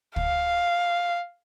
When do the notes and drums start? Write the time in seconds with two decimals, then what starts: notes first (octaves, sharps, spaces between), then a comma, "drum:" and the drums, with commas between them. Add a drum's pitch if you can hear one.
0.16 F5, drum: kick